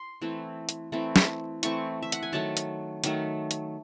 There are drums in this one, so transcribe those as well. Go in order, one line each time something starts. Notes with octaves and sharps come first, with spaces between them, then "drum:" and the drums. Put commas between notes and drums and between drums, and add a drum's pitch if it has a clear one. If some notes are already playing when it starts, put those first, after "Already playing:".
Already playing: C6
E3 A3 C4
drum: hi-hat
E3 A3 C4
drum: snare
E3 A3 C4 C#6, drum: hi-hat
E5
F#5, drum: hi-hat
G#5
D#3 F#3 A3 A5
drum: hi-hat
D#3 F#3 A3, drum: hi-hat
drum: hi-hat